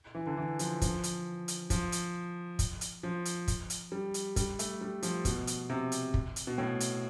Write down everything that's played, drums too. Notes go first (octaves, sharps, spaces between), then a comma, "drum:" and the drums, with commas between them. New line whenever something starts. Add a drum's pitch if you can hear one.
E3
D3
E3
F3, drum: hi-hat
F3, drum: kick, hi-hat
drum: hi-hat
drum: hi-hat
F3, drum: kick, hi-hat
drum: hi-hat
drum: kick, hi-hat
drum: hi-hat
F3
drum: hi-hat
drum: kick, hi-hat
drum: hi-hat
G3
drum: hi-hat
G3, drum: kick, hi-hat
A3, drum: hi-hat
G3
F3, drum: hi-hat
B2, drum: kick, hi-hat
drum: hi-hat
C3
drum: hi-hat
drum: kick
drum: hi-hat
B2
A2
drum: hi-hat